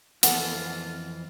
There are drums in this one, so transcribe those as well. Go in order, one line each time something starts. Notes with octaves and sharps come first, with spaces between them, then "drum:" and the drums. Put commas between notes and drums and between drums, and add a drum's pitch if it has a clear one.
F2 E3 B3 C4 F4 A4 F#5, drum: hi-hat